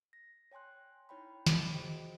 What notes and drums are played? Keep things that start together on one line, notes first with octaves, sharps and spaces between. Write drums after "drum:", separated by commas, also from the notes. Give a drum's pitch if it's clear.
A#6
C#5 G5 G#5 C6 F#6
D#4 E4 C#5 G5 B5
B5, drum: snare
F#4 G#4 C5 D#5 G5 D7